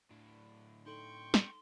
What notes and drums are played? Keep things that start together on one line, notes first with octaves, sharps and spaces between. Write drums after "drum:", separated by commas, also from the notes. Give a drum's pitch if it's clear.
A2 D4
D#4 A4 G5 C6 C#6 F#7
drum: snare